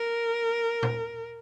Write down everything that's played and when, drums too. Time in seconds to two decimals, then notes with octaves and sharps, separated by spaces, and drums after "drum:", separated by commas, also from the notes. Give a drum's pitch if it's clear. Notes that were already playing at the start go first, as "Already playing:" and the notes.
Already playing: A#4
0.83 drum: tom A#2